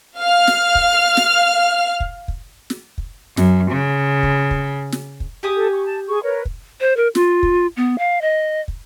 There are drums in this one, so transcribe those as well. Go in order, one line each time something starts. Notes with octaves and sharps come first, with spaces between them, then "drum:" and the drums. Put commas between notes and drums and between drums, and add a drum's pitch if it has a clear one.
F5 F6
drum: snare
drum: kick
drum: snare
drum: kick
drum: kick
drum: snare
drum: kick
F#2, drum: snare
C#3
drum: kick
drum: kick
drum: snare
drum: kick
G4 G#5 D#6
A4
C#6
A5
G#4 C#6
A#4 B4 C#5
drum: kick
C5
A#4
F4, drum: snare
drum: kick
B3
F5
D#5
drum: kick